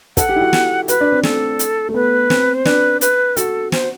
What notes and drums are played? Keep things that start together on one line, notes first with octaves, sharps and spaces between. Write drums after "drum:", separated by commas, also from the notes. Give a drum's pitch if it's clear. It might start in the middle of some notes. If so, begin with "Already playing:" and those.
A4 F#5, drum: kick, hi-hat
G4
E4
F#4
drum: snare
F#4 B4, drum: hi-hat
D4
C4
A3 A4, drum: snare
drum: hi-hat
A3
B3 B4
C4, drum: snare
C5
D4 B4, drum: snare
B4, drum: hi-hat
F#4 A4, drum: hi-hat
C5, drum: snare